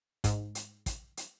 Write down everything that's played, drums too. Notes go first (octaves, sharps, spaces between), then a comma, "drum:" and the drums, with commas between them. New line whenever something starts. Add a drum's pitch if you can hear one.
G#2, drum: kick, hi-hat
drum: hi-hat
drum: kick, hi-hat
drum: hi-hat